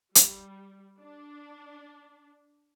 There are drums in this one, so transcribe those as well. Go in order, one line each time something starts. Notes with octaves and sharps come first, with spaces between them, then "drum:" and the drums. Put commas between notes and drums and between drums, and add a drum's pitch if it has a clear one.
G3, drum: hi-hat
D4